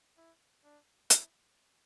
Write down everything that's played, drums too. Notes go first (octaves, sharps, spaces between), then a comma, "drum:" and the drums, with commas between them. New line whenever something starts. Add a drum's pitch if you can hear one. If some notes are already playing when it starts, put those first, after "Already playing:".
E4
D4
E4, drum: hi-hat